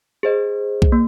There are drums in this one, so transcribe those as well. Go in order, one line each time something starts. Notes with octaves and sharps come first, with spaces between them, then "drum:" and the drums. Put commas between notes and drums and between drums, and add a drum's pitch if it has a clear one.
G#4 C5 D#5
drum: kick B1
A#3